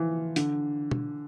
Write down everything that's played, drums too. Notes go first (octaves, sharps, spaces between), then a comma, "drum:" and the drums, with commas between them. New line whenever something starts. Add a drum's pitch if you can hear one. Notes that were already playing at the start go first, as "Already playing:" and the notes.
Already playing: E3 F3
D3, drum: hi-hat
drum: tom